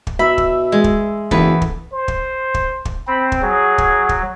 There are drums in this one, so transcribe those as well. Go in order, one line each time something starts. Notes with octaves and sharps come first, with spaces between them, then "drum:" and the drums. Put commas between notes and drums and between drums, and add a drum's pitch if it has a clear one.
drum: kick
B2 E5 B5
drum: kick
G#3
drum: kick
F#1 E2 A4 B4, drum: kick
drum: kick
C5
drum: kick
drum: kick
drum: kick
C4 B5
drum: kick
F#3 G#4
drum: kick
drum: kick